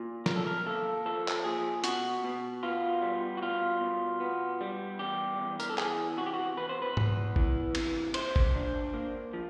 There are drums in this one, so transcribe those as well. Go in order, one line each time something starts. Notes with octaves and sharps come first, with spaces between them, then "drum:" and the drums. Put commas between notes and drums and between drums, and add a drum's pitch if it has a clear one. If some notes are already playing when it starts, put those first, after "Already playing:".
Already playing: A#2
B1 A#4, drum: snare
A4
A#4
A#3 A4
F3 A4
drum: clap
A#2 G#4
B2 F#4, drum: hi-hat
B2
B3 F4
G3
F#4
B2 F4
B2
B3
G3
E2 G4
E2
A#4, drum: tambourine
A4
E3 G#4, drum: clap
C3 F#4
G4
F#4
E2 B4
C5
B4
E2, drum: tom G#2
E3, drum: kick G#1
C3, drum: cymbal
A#2 C5, drum: cymbal
drum: kick G#1
D4
A#3
F3